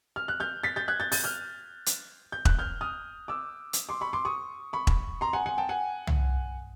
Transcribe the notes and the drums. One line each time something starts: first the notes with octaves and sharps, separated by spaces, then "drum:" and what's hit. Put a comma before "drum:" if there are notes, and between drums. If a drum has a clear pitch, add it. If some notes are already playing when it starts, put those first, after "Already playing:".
F6
F#6
F6 G6
A6 B6
G6 A6
F#6 G#6
G6 A6
G6 A6, drum: open hi-hat
F6 G6
drum: hi-hat
G6
F#6, drum: kick E1
F6 G6
D#6 F6
D6 E6
drum: hi-hat
C6 D6
B5 C#6
C6 D6
C#6 D#6
B5 C#6
drum: kick E1
A#5 C6
F#5 G#5
F#5 G#5
G5 A5
F#5 G#5
drum: tom C2